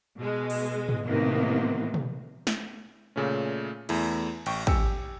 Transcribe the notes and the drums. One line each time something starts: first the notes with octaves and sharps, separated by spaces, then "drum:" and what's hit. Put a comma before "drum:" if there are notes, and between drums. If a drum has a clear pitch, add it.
B2 G#3
drum: open hi-hat
drum: tom
A2 C3 D#3 E3 A#3 B3
drum: tom
drum: snare
A#2 C#3 A3 C#4
E2 A3 E4, drum: cymbal
A1 G5 C#6, drum: cymbal
G4 G#5 E6 C#7, drum: kick